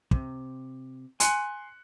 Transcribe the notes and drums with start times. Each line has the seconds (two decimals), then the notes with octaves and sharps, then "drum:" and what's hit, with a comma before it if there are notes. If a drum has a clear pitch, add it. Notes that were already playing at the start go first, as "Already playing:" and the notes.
0.11 C3, drum: kick
1.20 G#5 C6 F#6 C#7, drum: hi-hat